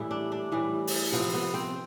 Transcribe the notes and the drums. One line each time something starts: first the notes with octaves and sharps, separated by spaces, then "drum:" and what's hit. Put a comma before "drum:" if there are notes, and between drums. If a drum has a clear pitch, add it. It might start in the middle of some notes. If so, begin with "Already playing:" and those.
Already playing: A2 E3 G3 E4
D4
D4
A2 E3 G3
drum: open hi-hat
C3 F3 B3
B3
C4